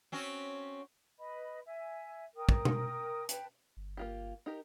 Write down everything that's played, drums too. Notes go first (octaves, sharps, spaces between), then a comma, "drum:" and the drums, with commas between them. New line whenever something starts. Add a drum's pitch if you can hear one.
C4 C#4 F#4
B4 D#5 B5
E5 G#5
A#4 G5 D#6
drum: kick
drum: tom B2
B4 G5 A5, drum: hi-hat
G1
A#3 F4 G4
D#4 G4 A#4